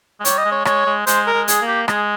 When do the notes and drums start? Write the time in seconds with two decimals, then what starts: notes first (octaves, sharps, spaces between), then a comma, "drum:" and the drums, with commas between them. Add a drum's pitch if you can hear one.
0.20 G#3
0.25 G3 C#5, drum: hi-hat
0.38 D#5
0.45 G#3
0.52 C#5
0.65 G#3 C#5, drum: rim click
0.86 G#3
1.07 G#3 C5, drum: hi-hat
1.27 A#4
1.33 G#3
1.48 G#4, drum: hi-hat
1.61 A#3
1.67 G4
1.88 G#3 G#4, drum: rim click